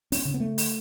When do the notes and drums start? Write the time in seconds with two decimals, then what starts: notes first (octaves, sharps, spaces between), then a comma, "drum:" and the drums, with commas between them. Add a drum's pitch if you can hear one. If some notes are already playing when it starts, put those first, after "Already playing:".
0.12 C#4, drum: open hi-hat
0.25 C#3
0.34 B3
0.40 A3
0.58 drum: open hi-hat